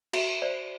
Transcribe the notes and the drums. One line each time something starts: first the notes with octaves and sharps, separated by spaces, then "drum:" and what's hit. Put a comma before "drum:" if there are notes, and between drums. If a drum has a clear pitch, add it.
F#4 E5, drum: cymbal
C5 D5